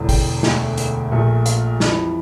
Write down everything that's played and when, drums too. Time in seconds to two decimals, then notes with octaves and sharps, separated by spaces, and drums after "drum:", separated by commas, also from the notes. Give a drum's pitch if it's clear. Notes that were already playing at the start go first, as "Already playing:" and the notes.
Already playing: E1 E2 D3
0.09 G5, drum: kick, open hi-hat
0.43 E1 D2 D3 A3, drum: snare
0.78 drum: hi-hat
1.12 A#1 A#2 A3
1.46 F5, drum: hi-hat
1.80 F2 E3 G3, drum: snare